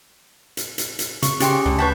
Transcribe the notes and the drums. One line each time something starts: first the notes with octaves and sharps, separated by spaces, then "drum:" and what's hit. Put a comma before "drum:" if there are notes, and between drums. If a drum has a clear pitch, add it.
drum: hi-hat
drum: hi-hat
drum: hi-hat
C#3 C#6, drum: hi-hat
C#4 F4 G4 G#4 G5 C6, drum: hi-hat
D2 D3
B4 C#5 F#5 A5 G6 B6